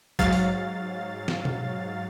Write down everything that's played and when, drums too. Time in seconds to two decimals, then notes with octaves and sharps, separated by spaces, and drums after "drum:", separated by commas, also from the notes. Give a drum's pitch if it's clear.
0.19 G#2 F#3 F5 A6, drum: kick
0.33 drum: open hi-hat
1.28 drum: snare
1.45 drum: tom B2